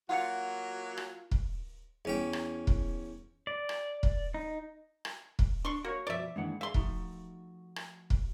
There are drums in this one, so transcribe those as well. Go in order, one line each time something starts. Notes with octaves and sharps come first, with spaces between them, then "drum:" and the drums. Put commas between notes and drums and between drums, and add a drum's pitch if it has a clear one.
F#3 A#3 F4 F#4 F#5 C#7
drum: rim click
drum: kick
E2 C#4 G5
drum: rim click
drum: kick
D5
drum: rim click
drum: kick
D#4
drum: rim click
drum: kick
D4 C6 C#6
A#3 F#4 C#5
B2 F3 C5 D5 E5
D#3 E3 G#3 A#3 D4 F#5
G#4 E5 F5 C6
F3 A3 D#4 F#4, drum: kick
drum: rim click
drum: kick